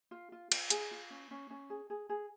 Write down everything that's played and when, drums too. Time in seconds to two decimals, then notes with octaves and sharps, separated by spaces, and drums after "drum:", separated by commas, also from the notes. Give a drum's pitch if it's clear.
0.11 F4
0.32 F4
0.52 F4, drum: cymbal
0.70 G#4, drum: hi-hat
0.91 F4
1.10 C#4
1.31 C#4
1.50 C#4
1.70 G#4
1.90 G#4
2.09 G#4